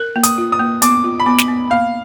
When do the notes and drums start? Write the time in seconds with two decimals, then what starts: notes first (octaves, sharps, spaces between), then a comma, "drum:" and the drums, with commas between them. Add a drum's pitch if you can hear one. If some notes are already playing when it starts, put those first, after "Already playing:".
Already playing: A#4 F#6
0.16 A#3
0.23 D#6, drum: hi-hat
0.38 F4
0.52 D#6
0.59 A#3
0.82 B3 D6, drum: hi-hat
1.04 F4
1.20 B5
1.26 B3 D6
1.38 drum: snare
1.48 B3
1.70 A#3 F5